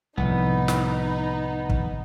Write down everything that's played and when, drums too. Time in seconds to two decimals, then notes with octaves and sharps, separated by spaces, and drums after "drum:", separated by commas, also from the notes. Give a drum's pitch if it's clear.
0.17 C2 A2 C3 F3 B3 D#4
0.68 drum: snare
1.69 drum: kick